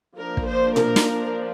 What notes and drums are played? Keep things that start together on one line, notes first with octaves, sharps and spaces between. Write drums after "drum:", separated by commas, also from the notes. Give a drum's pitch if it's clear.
F3 A#3 D4 A#4
drum: kick
C5
A#4, drum: tom A#2
drum: snare